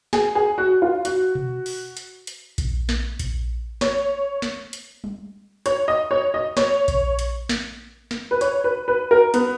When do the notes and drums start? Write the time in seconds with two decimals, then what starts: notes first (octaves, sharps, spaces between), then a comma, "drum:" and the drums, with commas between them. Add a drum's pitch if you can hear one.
0.13 G#4, drum: snare
0.35 G#4
0.58 F#4
0.82 F4
1.05 F#4, drum: hi-hat
1.35 drum: tom B2
1.66 drum: open hi-hat
1.97 drum: hi-hat
2.27 drum: hi-hat
2.58 drum: kick A#1, hi-hat
2.89 drum: snare
3.19 drum: kick A#1, hi-hat
3.81 C#5, drum: snare
4.42 drum: snare
4.73 drum: hi-hat
5.04 drum: tom G3
5.66 C#5, drum: hi-hat
5.88 D#5
6.11 C#5
6.34 D#5
6.57 C#5, drum: snare
6.88 drum: kick A#1, hi-hat
7.19 drum: hi-hat
7.49 drum: snare
8.11 drum: snare
8.31 B4
8.41 C#5, drum: hi-hat
8.64 B4
8.88 B4
9.11 A#4
9.34 B3, drum: hi-hat